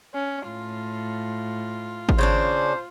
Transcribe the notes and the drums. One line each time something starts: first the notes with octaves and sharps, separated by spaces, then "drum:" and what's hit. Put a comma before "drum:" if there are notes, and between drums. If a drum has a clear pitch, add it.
C#4
A2 F4
drum: kick G#1
C#3 C#4 D4 C5